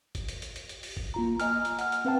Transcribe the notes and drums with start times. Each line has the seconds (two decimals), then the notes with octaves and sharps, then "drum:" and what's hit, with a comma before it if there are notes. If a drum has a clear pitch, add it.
0.15 drum: kick, hi-hat
0.28 drum: hi-hat
0.42 drum: hi-hat
0.56 drum: hi-hat
0.69 drum: hi-hat
0.83 drum: open hi-hat
0.97 drum: kick
1.14 A#3 F4 A#5
1.40 D#5 G#5 A#5 F6, drum: hi-hat
1.65 drum: hi-hat
1.79 F#5 F6, drum: hi-hat
1.92 drum: hi-hat
2.05 C4 B4 F5 G5 A5